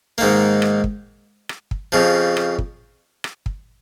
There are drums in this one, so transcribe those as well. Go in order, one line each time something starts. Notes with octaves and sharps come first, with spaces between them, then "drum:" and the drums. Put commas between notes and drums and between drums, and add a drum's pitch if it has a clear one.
G#2 D#3 A#3
drum: rim click
drum: kick
drum: rim click
drum: kick
F2 C#3 F3
drum: rim click
drum: kick
drum: rim click
drum: kick